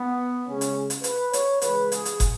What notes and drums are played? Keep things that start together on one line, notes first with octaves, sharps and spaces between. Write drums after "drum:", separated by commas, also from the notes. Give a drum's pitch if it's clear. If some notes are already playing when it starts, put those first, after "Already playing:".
Already playing: B3
C#3 G#3 C#4
drum: hi-hat
drum: hi-hat
B4, drum: hi-hat
C#5, drum: hi-hat
C#3 E3 G#3 B4, drum: hi-hat
G#4, drum: hi-hat
drum: hi-hat
drum: kick, hi-hat